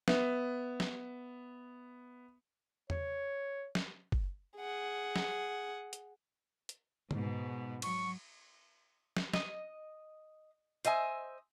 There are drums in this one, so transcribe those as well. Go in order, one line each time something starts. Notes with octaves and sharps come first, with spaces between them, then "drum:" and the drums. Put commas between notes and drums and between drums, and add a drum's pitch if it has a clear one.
B3 E5, drum: snare
drum: snare
C#5, drum: tom E2
drum: snare
drum: kick F#1
G#4 F#5
drum: snare
drum: hi-hat
drum: hi-hat
G#2 B2, drum: tom C#3
F#3 C#6, drum: cymbal
drum: snare
D#5, drum: snare
C5 D#5 E5 G#5, drum: hi-hat